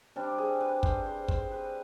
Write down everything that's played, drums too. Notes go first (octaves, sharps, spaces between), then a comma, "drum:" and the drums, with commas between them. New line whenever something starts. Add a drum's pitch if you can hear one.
C3 G3 D4
G#4
B4
C5, drum: kick
C5
C5, drum: kick
B4